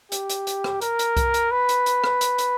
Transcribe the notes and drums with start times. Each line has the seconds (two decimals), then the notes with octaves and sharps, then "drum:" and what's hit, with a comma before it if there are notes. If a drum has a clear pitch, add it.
0.12 G4, drum: hi-hat
0.30 drum: hi-hat
0.47 drum: hi-hat
0.64 drum: rim click
0.81 A#4, drum: hi-hat
0.99 drum: hi-hat
1.17 drum: kick C2, hi-hat
1.34 drum: hi-hat
1.52 B4
1.69 drum: hi-hat
1.86 drum: hi-hat
2.04 drum: rim click
2.21 drum: hi-hat
2.38 drum: hi-hat